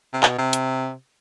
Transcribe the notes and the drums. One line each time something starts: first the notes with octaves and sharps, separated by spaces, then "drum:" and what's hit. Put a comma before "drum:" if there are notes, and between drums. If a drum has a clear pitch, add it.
C3
B2, drum: clap
C3
drum: hi-hat